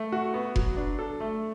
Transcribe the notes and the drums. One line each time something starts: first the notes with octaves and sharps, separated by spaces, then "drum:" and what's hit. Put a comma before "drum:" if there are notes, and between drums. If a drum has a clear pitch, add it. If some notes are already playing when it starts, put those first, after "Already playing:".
Already playing: A3
F#4
B3
F#3, drum: kick F1
D4
A4
A3